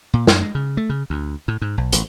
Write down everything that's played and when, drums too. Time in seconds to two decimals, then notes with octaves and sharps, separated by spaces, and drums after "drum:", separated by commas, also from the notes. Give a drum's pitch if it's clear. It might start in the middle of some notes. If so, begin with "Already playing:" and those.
0.13 A#2
0.27 F#2, drum: snare
0.42 G#3
0.55 C#3
0.77 A3
0.90 C#3
1.10 D2
1.48 A2
1.62 G#2
1.78 B1
1.92 A1, drum: hi-hat